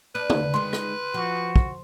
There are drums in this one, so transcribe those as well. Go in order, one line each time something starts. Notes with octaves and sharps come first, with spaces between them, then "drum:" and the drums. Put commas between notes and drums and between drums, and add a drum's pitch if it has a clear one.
D4 B4
drum: tom
D#3 G#3 C6
drum: rim click
F3 F#4
drum: kick